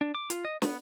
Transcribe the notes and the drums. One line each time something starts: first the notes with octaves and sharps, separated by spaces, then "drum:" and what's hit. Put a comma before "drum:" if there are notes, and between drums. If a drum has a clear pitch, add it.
D4
D6
F4, drum: hi-hat
D#5
B3, drum: snare